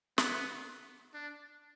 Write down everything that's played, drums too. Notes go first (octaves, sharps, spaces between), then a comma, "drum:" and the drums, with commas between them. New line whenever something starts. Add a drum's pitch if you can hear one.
B3, drum: snare
D4